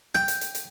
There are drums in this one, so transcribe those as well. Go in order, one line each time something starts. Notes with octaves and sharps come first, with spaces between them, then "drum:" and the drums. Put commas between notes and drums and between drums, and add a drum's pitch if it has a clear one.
G5, drum: rim click
drum: hi-hat
drum: hi-hat
drum: hi-hat